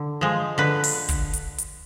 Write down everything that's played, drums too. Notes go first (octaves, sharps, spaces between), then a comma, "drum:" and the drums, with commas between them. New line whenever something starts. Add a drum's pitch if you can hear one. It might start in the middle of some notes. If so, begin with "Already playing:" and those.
Already playing: D3
F3 G#3
D3 B4
drum: open hi-hat
drum: kick, hi-hat
drum: hi-hat
drum: hi-hat